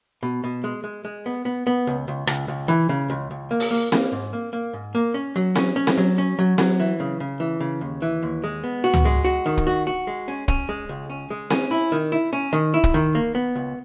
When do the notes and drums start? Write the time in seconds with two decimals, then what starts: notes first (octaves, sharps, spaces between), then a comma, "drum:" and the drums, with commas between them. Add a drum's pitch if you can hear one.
0.23 B2
0.44 B2
0.64 G#3
0.84 G#3
1.05 G#3
1.26 B3
1.45 B3
1.67 B3
1.87 C#2
2.08 C#2
2.27 C#2, drum: rim click
2.48 C#2
2.68 E3
2.89 C#3
3.10 C#2
3.31 C#2
3.51 A#3
3.60 drum: open hi-hat
3.71 A#3
3.92 A#3, drum: snare C4
4.12 G#2
4.33 A#3
4.53 A#3
4.73 G#2
4.95 A#3
5.14 C#4
5.36 F#3
5.56 C#4, drum: snare C4
5.76 C#4
5.87 drum: snare C4
5.98 F#3
6.18 C#4
6.39 F#3
6.58 F#3, drum: snare C4
6.80 E3
7.00 C#3
7.20 C#3
7.40 E3
7.60 C#3
7.81 D#2
8.02 E3
8.23 D#2
8.44 G#3
8.64 B3
8.84 F#4
8.94 drum: tom C#2
9.05 G#3
9.25 F#4
9.46 D#3
9.57 drum: kick
9.67 F#4
9.87 F#4
10.07 G#3
10.28 C#4
10.48 C#4, drum: kick
10.69 G#3
10.89 C#2
11.10 C#4
11.30 G#3
11.50 C#4, drum: snare C4
11.71 E4
11.92 D#3
12.12 E4
12.33 C#4
12.53 D#3
12.74 E4
12.84 drum: kick
12.94 D#3
13.15 A#3
13.35 B3
13.55 C#2